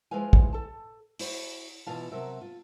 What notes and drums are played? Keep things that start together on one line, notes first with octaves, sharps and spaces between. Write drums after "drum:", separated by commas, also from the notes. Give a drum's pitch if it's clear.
F3 G#3 E4 B4 F5 G#5
drum: kick
A4 A5
E4 F#4 C5, drum: open hi-hat
B2 E3 F4 F5 A5
C3 F#3 A#4 E5
F4